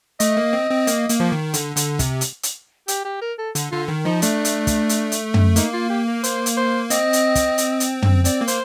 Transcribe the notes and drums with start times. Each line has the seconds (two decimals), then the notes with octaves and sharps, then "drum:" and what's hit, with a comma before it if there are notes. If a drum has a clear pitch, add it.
0.20 A3 D#5, drum: hi-hat
0.37 A#3
0.53 C4
0.70 C4
0.87 A#3, drum: hi-hat
1.09 A#3, drum: hi-hat
1.20 F3
1.32 D#3
1.54 D3, drum: hi-hat
1.76 D3, drum: hi-hat
1.99 C3, drum: kick, hi-hat
2.21 drum: hi-hat
2.43 drum: hi-hat
2.88 G4, drum: hi-hat
3.05 G4
3.21 A#4
3.39 A4
3.55 D3, drum: hi-hat
3.72 D3 F4
3.88 D#3
4.05 F3 D#4
4.22 A3 D4, drum: hi-hat
4.45 drum: hi-hat
4.67 drum: kick, hi-hat
4.89 drum: hi-hat
5.12 drum: hi-hat
5.34 drum: tom
5.56 A#3 D#4, drum: hi-hat
5.74 F4
5.90 G4
6.07 A#4
6.24 C5, drum: hi-hat
6.46 drum: hi-hat
6.57 C5
6.90 C4 D#5, drum: hi-hat
7.13 drum: hi-hat
7.35 drum: kick, hi-hat
7.58 drum: hi-hat
7.80 drum: hi-hat
8.02 drum: tom
8.25 C4 D5, drum: hi-hat
8.41 A#3
8.48 C5, drum: hi-hat